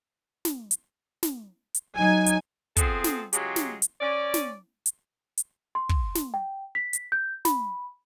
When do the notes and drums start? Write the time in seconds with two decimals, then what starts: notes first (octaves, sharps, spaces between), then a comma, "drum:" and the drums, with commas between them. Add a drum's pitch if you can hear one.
0.45 drum: snare
0.71 drum: hi-hat
1.23 drum: snare
1.75 drum: hi-hat
1.97 F#3 D#4 G#5
2.26 drum: hi-hat
2.77 B3 C4 F4 G#4 A4, drum: kick, hi-hat
3.04 drum: snare
3.33 C#3 F#3 G#3 F4 G4 G#4, drum: hi-hat
3.56 drum: snare
3.82 drum: hi-hat
4.01 C#4 D5
4.34 drum: snare
4.86 drum: hi-hat
5.38 drum: hi-hat
5.75 C6
5.89 drum: kick
6.15 drum: snare
6.34 G5
6.75 B6
6.93 drum: hi-hat
7.12 G6
7.45 B5, drum: snare